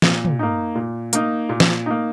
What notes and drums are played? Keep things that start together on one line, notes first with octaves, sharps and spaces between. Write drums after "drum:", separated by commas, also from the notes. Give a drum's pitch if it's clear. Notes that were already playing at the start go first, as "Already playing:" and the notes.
A#2, drum: snare
drum: tom
A#3 D#4
A#2
A#3 D#4, drum: hi-hat
A#2
drum: snare
A#3 D#4